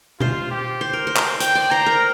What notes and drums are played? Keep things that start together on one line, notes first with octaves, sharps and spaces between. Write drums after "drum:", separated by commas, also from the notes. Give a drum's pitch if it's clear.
F4 C5, drum: tom B2
G4
C5
A#4
C5
drum: clap
C5 G5, drum: hi-hat
D5
C5 A#5
A#4